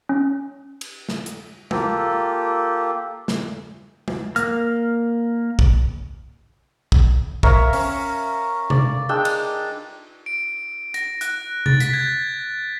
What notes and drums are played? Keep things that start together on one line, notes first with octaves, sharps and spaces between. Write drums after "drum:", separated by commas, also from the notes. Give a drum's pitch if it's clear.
C#4
drum: cymbal
drum: snare
drum: hi-hat
A#3 F4 G4 A4, drum: tom G#3
drum: snare
drum: tom G#3
A#3 F6, drum: hi-hat
drum: kick
drum: kick
A#4 C#5 E5 F5, drum: kick
C#4, drum: open hi-hat
D5, drum: tom C3
G#3 D4 G5 E6
drum: cymbal
D7
A#6, drum: hi-hat
F#6, drum: hi-hat
A6, drum: tom C3
B6, drum: hi-hat
G#6